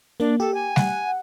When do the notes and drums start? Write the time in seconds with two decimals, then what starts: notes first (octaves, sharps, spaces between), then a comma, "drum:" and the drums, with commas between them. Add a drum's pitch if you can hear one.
0.20 A#3 D4
0.40 G4 A4
0.54 G#5
0.76 F#5, drum: snare